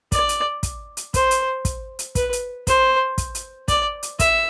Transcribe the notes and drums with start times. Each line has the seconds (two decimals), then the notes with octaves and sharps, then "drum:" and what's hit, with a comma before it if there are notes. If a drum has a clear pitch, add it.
0.12 D5, drum: kick, hi-hat
0.29 drum: hi-hat
0.63 drum: kick, hi-hat
0.97 drum: hi-hat
1.14 C5, drum: kick, hi-hat
1.31 drum: hi-hat
1.65 drum: kick, hi-hat
1.99 drum: hi-hat
2.15 B4, drum: kick, hi-hat
2.33 drum: hi-hat
2.67 C5, drum: kick, hi-hat
3.18 drum: kick, hi-hat
3.35 drum: hi-hat
3.68 D5, drum: kick, hi-hat
4.03 drum: hi-hat
4.19 E5, drum: kick, hi-hat